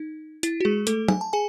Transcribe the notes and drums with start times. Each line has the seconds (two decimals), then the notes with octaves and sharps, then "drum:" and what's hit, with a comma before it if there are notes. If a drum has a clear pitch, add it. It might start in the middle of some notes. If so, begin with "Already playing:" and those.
Already playing: D#4
0.43 E4, drum: hi-hat
0.60 F#4
0.65 G#3 G#4
0.87 A3 A4, drum: hi-hat
1.08 G#5, drum: tom F#3
1.21 A5
1.33 G#4 G#5